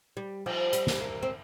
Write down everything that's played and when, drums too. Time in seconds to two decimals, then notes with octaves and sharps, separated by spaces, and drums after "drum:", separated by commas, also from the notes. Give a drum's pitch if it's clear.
0.17 G3
0.46 F3, drum: cymbal
0.73 G3, drum: hi-hat
0.87 drum: snare
1.01 A#3
1.23 C4